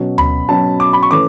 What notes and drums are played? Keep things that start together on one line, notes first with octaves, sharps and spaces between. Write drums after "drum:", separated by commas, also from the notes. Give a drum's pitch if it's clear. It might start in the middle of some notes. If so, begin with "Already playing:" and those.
Already playing: B2 F#3 C#4
B5, drum: tom D2
B2 F#3 C#4 A5
D6
B5
C#6
E3 A3 C#4 D6